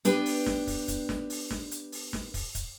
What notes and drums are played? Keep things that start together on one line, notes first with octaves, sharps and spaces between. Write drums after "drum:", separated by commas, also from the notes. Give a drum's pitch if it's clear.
B3 D4 G4 B4, drum: hi-hat
drum: open hi-hat
drum: snare
drum: kick, open hi-hat
drum: kick, hi-hat
drum: snare
drum: open hi-hat
drum: snare
drum: hi-hat
drum: open hi-hat
drum: snare
drum: kick, open hi-hat
drum: kick, hi-hat